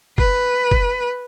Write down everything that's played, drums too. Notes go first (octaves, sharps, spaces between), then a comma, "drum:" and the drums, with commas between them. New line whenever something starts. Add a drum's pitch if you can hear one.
B4, drum: kick F#1
drum: kick F#1